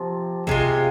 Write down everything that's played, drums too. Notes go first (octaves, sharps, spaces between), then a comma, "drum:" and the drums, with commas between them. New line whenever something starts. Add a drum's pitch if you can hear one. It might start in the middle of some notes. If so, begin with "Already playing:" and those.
Already playing: C3 F3
C3 G#3 F4, drum: kick